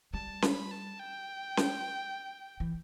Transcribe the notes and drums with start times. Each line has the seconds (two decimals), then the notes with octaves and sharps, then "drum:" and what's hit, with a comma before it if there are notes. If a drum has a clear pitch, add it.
0.13 G3 A5
0.42 B5, drum: snare C#4
0.71 A5
1.00 G5
1.57 drum: snare C#4
2.60 E3